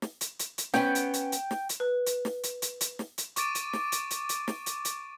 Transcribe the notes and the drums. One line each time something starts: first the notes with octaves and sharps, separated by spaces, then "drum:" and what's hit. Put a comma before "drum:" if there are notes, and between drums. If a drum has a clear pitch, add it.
drum: snare
drum: hi-hat
drum: hi-hat
drum: hi-hat
B3 C#4 G5, drum: snare
drum: hi-hat
drum: hi-hat
drum: hi-hat
drum: snare
drum: hi-hat
B4
drum: hi-hat
drum: snare
drum: hi-hat
drum: hi-hat
drum: hi-hat
drum: snare
drum: hi-hat
C#6 D6 A6 D7 D#7, drum: hi-hat
drum: hi-hat
drum: snare
drum: hi-hat
drum: hi-hat
drum: hi-hat
drum: snare
drum: hi-hat
drum: hi-hat